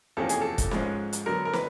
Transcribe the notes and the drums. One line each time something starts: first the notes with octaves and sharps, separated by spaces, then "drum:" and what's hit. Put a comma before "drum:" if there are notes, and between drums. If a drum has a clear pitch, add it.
E2 C3 F3 A#3 C#4 A4
G#4, drum: hi-hat
A4
drum: kick, hi-hat
G#2 F3 G#3 C#4, drum: snare
drum: hi-hat
D3 F#3 B3 A#4
A#4
B4, drum: snare